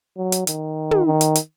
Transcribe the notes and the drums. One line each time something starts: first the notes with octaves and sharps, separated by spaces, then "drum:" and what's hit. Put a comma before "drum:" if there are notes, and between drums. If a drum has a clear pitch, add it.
F#3
drum: hi-hat
D#3, drum: hi-hat
drum: tom
D#3
drum: hi-hat
drum: hi-hat